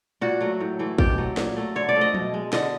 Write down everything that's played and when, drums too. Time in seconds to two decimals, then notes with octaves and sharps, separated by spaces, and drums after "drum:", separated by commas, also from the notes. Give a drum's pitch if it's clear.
0.21 A#2 F#4
0.41 F#3 A3
0.60 A2
0.79 E3 A3
0.98 B2 G4, drum: kick
1.18 F#3 A3
1.37 A#2, drum: snare
1.56 F#3 A3
1.76 D3 C#5
1.89 D5
1.95 F3 A3
2.01 D#5
2.14 B2, drum: tom F3
2.34 G#3
2.53 D3 D#5, drum: snare